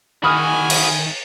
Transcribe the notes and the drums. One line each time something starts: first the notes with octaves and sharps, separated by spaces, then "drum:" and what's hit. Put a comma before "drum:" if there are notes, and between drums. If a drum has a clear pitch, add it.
D#3 F#4 G#4 G#5 B5 D#6 F6
drum: cymbal